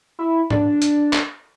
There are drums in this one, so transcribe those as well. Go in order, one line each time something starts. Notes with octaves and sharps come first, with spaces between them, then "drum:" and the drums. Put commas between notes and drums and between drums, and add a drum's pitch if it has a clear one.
E4
D4, drum: tom G#2
drum: hi-hat
drum: clap